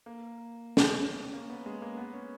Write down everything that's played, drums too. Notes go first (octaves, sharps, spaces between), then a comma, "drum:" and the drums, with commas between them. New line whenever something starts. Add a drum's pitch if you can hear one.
A#3
drum: snare
C#4
C#4
A#3
B3
G#3
A#3
B3
C#4